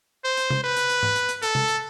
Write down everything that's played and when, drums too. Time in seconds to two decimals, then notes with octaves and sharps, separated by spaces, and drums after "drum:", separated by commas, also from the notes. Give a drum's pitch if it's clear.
0.24 C5
0.37 drum: hi-hat
0.50 drum: tom C3
0.64 B4
0.77 drum: hi-hat
0.90 drum: hi-hat
1.03 drum: tom G#2
1.16 drum: hi-hat
1.29 drum: hi-hat
1.42 A4, drum: hi-hat
1.55 drum: tom C3
1.68 drum: hi-hat